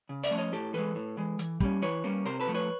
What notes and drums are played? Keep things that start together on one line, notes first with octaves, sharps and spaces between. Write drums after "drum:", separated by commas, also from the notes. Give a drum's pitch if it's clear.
C#3
D5 E5, drum: open hi-hat
F3 A3 C#4
C#5 D#5
A2 G4 A4
E3 G#3 A4 B4
A2
E3 G#3
E3, drum: hi-hat
G3 A#3 C#4, drum: kick
E3 B4 C#5
G3 A#3 C#4
C3 A#4 C5
A4 B4
F3 A3
B4 C#5